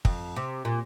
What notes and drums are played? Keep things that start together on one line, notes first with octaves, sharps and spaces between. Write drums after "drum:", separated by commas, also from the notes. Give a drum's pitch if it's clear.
F2, drum: kick
C3
A#2